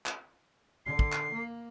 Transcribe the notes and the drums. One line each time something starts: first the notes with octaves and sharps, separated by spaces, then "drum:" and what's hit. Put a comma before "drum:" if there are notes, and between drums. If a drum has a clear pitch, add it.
drum: clap
D3 C7
drum: kick
drum: clap
A#3